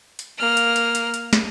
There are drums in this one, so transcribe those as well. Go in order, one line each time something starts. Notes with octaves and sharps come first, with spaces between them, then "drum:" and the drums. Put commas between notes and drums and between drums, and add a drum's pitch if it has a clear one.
drum: hi-hat
A#3 F6
drum: hi-hat
drum: hi-hat
drum: hi-hat
drum: hi-hat
drum: snare